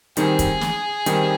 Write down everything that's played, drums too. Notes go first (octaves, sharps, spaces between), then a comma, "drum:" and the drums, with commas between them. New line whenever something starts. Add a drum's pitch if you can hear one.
D#3 G3 C4 D#4 G#4, drum: hi-hat
drum: kick, hi-hat
drum: snare
D#3 G3 C4 D#4, drum: hi-hat